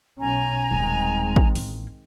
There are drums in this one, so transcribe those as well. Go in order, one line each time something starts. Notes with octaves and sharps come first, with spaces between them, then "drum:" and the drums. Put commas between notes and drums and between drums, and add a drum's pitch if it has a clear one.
B1 C#4 G#5 A#5
D#1 D#3 G3 G#3 C4
drum: kick
A1 A#3, drum: open hi-hat